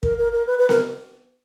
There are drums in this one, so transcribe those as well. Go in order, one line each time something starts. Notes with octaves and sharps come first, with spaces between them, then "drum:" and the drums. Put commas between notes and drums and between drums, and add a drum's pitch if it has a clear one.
A#4, drum: kick
A#4
A#4
B4
B4
A#4, drum: snare B3